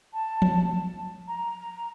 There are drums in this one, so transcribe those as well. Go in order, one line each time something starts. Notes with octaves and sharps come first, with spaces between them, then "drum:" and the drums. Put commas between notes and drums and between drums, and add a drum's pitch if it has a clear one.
A5
drum: tom F3
A#5